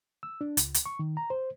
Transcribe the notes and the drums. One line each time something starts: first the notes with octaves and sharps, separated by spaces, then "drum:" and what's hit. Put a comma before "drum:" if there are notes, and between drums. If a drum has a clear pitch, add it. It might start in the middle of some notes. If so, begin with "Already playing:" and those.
E6
D4
C#2, drum: hi-hat
drum: hi-hat
C#6
D#3
A#5
C5